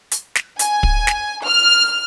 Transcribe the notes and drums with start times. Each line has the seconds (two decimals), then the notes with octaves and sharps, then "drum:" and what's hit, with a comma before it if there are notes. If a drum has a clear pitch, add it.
0.12 drum: hi-hat
0.35 drum: snare
0.59 G#5, drum: hi-hat
0.83 drum: kick
1.07 drum: snare
1.45 F6